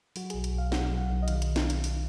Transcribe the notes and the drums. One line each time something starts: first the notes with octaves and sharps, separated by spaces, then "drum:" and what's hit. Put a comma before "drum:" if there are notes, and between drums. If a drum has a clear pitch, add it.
F#3 F#4, drum: open hi-hat
B1 G#4, drum: hi-hat
drum: hi-hat
B1 F5
B2 F#5, drum: snare
F5
F#3
F#5
B1
D#5
D#3 F5, drum: hi-hat
drum: hi-hat
drum: snare
drum: hi-hat
drum: open hi-hat